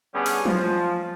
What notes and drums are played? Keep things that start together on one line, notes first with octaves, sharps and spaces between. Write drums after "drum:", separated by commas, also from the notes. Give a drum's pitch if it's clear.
D3 G3 B3 C#4 G4 G#4
drum: open hi-hat
F3, drum: tom F3